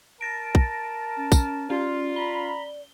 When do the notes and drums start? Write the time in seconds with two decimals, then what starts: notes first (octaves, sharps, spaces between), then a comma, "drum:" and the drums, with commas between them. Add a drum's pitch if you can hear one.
0.21 A#4 A5 A6 A#6 D7
0.55 drum: kick
1.17 C#4
1.32 drum: kick, tambourine
1.70 C#4 F4 D5
2.16 A#5 B5 G7